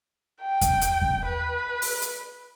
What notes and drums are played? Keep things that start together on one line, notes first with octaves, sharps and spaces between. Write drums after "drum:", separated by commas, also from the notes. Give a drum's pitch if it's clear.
G5
drum: kick E2, hi-hat
drum: hi-hat
drum: kick E2
B4
drum: open hi-hat
drum: hi-hat